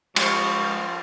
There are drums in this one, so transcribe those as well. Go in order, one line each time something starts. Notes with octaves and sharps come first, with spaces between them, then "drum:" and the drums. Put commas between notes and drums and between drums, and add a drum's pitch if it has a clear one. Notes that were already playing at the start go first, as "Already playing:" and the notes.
F3 G3 G#3 C5 C6 C#6, drum: cymbal